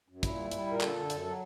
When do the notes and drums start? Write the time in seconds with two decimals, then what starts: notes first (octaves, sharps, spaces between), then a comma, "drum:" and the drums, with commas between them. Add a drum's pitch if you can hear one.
0.08 F#2
0.23 A#2 E4, drum: kick, hi-hat
0.37 G3
0.51 G3, drum: hi-hat
0.67 A#2 A#4
0.81 D3 A4, drum: clap
0.95 D3
1.10 F#2, drum: hi-hat
1.25 F#3